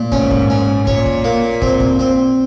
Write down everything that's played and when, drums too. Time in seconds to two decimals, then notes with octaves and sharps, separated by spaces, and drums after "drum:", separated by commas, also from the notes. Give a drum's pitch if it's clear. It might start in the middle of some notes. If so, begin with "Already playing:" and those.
Already playing: A#2
0.12 G#2 C#4, drum: kick
0.31 drum: kick
0.50 C#4
0.87 A#2 C#5, drum: kick
1.06 drum: kick
1.24 A#3
1.62 C4, drum: kick
1.80 drum: kick
1.99 C4